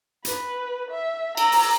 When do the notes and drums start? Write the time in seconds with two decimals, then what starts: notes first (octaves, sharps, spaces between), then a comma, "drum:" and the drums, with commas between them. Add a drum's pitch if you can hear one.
0.25 B4, drum: hi-hat
0.91 E5
1.37 A#5 E6, drum: cymbal
1.52 drum: open hi-hat